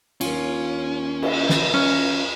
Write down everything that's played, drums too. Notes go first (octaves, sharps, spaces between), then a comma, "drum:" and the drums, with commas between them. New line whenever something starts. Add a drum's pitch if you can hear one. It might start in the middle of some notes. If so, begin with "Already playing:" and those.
D#2 C#4 F4, drum: cymbal
drum: cymbal
drum: snare
C#4